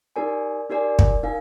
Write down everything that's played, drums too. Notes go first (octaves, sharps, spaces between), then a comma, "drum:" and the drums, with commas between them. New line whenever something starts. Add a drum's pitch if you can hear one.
D#4 G4 A#4 D5 G#5
D#4 G4 A#4 D5 G#5
drum: kick
D#4 A#4 F5 G#5